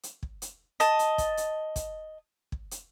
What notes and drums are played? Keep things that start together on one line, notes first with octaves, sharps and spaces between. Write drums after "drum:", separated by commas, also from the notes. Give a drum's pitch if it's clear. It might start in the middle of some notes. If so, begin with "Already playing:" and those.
drum: hi-hat
drum: kick
drum: hi-hat
D#5 A5, drum: hi-hat
drum: hi-hat
drum: kick, hi-hat
drum: hi-hat
drum: kick, hi-hat
drum: kick
drum: hi-hat